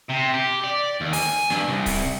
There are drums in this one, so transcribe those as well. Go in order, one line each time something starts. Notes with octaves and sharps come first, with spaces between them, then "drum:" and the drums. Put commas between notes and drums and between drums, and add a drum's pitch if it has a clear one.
C3
G4
D5
D#2
G#5, drum: open hi-hat
G2, drum: snare
C2
drum: kick C#1, open hi-hat